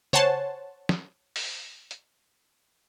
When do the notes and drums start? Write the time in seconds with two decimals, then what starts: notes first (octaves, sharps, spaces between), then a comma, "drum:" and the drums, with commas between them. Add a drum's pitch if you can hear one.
0.13 C5 C#5 F#5 G#5 A5 C6, drum: tom C#3
0.89 drum: snare
1.36 drum: open hi-hat
1.91 drum: hi-hat